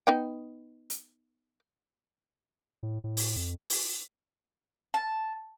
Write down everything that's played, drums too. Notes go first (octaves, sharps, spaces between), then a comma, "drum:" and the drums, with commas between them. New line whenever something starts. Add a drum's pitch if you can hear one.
B3 D#4 G5
drum: hi-hat
A2
A2
drum: open hi-hat
F2
drum: open hi-hat
A5